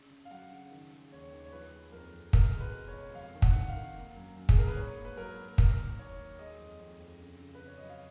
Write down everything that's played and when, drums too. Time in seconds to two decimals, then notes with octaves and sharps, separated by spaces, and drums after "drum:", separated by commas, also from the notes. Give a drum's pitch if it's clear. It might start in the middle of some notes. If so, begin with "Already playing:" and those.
Already playing: C#3
0.11 C#3
0.25 F5
0.31 F#3 F#5
0.52 C#3
0.71 D#3
0.91 G#3
1.11 D#2 C#5
1.32 D#2
1.45 C#5
1.52 F3 B4
1.73 G#3
1.92 F2 A#4
2.13 F2
2.33 B2 A#4, drum: kick
2.54 G#3
2.61 B4
2.74 B2
2.88 C#5
2.94 C#2
3.15 F2 F5
3.35 D#3
3.42 F#5, drum: kick
3.56 D#3
3.69 F5
3.76 D#3
3.96 A#3
4.16 F#2
4.36 F#2
4.49 G#4, drum: kick
4.56 A#3 A#4
4.68 B4
4.76 G#2 C#5
4.97 A#3
5.05 B4
5.17 F#3 A#4
5.37 A#3
5.58 D#2 A#4, drum: kick
5.78 D#2
5.99 D#2 C#5
6.19 D#2
6.39 G#3 D#5
6.60 F2
6.80 F2
7.00 F2
7.20 C#3
7.40 C#3
7.55 B4
7.61 C#3
7.67 C#5
7.78 F#3 D#5
7.89 F5